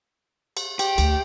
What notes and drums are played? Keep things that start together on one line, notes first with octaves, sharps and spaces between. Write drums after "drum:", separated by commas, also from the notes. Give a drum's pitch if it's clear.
drum: cymbal
G4, drum: cymbal
D2, drum: cymbal